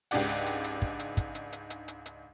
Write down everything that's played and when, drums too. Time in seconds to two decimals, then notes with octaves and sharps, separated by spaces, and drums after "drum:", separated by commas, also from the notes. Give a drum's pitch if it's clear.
0.11 C#2 G#2 D4 G4 D5 F#5, drum: hi-hat
0.29 drum: hi-hat
0.46 drum: hi-hat
0.64 drum: hi-hat
0.82 drum: kick
0.99 drum: hi-hat
1.17 drum: kick, hi-hat
1.35 drum: hi-hat
1.53 drum: hi-hat
1.70 drum: hi-hat
1.88 drum: hi-hat
2.06 drum: hi-hat